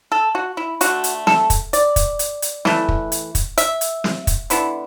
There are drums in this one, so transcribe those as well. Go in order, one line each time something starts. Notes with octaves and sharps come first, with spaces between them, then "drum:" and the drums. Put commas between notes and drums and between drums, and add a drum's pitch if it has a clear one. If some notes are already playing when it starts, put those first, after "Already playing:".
A4
F#4
E4
D3 A3 F#4, drum: hi-hat
drum: hi-hat
A4, drum: snare
drum: kick, hi-hat
D5, drum: hi-hat
drum: kick, hi-hat
drum: hi-hat
drum: hi-hat
E3 A3, drum: snare
drum: kick
drum: hi-hat
drum: kick, hi-hat
E5, drum: hi-hat
drum: hi-hat
drum: snare
drum: kick, hi-hat
D3 B3 E4, drum: hi-hat